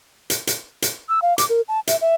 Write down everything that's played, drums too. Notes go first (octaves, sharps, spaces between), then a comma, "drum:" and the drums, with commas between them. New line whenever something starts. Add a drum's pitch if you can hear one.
drum: hi-hat
drum: hi-hat
drum: hi-hat
E6
F5
D6, drum: hi-hat
A#4
A5
E5, drum: hi-hat
E5